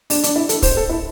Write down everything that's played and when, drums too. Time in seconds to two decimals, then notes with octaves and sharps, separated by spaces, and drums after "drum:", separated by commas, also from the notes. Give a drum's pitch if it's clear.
0.10 D4, drum: open hi-hat
0.23 D4, drum: hi-hat
0.36 E4
0.49 A4, drum: hi-hat
0.62 C5, drum: kick, open hi-hat
0.77 A4
0.89 E4